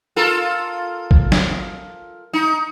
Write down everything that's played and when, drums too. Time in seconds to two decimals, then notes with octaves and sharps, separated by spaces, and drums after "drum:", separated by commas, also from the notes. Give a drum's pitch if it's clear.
0.16 F4 A4 A#4
1.11 drum: kick G#1
1.32 drum: snare
2.33 D#4